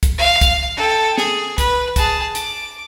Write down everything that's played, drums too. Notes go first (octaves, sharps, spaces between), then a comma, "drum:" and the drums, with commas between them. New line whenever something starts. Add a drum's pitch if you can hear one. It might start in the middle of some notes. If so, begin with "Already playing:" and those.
drum: kick, hi-hat
F5
drum: kick, hi-hat
A4 G5
G#4, drum: snare
B4, drum: kick, hi-hat
G#4 A5, drum: kick, hi-hat
D6, drum: hi-hat